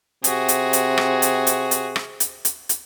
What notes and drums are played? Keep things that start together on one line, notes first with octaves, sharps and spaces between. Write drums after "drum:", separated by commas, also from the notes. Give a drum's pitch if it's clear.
C3 F#4 G#4, drum: hi-hat
drum: hi-hat
drum: hi-hat
drum: rim click
drum: hi-hat
drum: hi-hat
drum: hi-hat
drum: rim click
drum: hi-hat
drum: hi-hat
drum: hi-hat